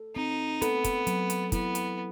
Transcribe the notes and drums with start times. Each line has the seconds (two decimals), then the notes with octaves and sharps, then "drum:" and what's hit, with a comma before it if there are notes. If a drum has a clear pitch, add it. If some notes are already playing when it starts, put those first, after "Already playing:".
Already playing: A4
0.16 C4 D#4
0.62 B3 A4, drum: hi-hat
0.84 drum: kick, hi-hat
1.07 F#3, drum: hi-hat
1.30 drum: hi-hat
1.52 B3 E4, drum: kick, hi-hat
1.75 drum: hi-hat